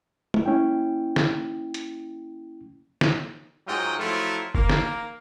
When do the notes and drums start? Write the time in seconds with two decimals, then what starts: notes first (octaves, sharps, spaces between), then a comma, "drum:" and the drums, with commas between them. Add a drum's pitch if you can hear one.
0.34 drum: tom
0.46 A#3 C#4 E4 G5
1.16 drum: snare
1.74 drum: hi-hat
3.01 drum: snare
3.68 G#2 F#3 F4 D#5 G5
3.99 F3 F#3 A3 E4 F4
4.55 A#3, drum: kick
4.69 drum: snare